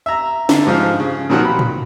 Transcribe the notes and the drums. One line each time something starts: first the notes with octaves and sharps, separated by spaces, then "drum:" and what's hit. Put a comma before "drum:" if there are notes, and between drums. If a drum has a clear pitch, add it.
E5 A#5
D3, drum: snare
G#2 F3 F4
C#3
A#2 D#3 F3 C4 F#4
B5
drum: tom A2